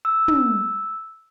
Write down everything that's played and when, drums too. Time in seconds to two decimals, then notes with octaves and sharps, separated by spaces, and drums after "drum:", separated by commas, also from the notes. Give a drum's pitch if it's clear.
0.05 E6
0.28 drum: tom